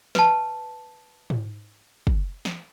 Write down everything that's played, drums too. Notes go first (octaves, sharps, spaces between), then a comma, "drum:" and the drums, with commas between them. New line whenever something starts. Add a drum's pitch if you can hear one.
B4 A5, drum: snare
drum: tom G#2
drum: kick
drum: snare